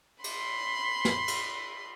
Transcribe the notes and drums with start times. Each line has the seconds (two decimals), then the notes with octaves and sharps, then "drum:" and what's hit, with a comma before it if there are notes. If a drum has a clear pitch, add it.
0.24 B5 C6, drum: cymbal
1.05 drum: snare
1.28 drum: cymbal